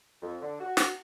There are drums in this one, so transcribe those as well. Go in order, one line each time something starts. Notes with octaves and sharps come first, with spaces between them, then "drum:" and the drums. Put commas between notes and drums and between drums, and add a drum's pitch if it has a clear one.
F2
D3
F#4
drum: snare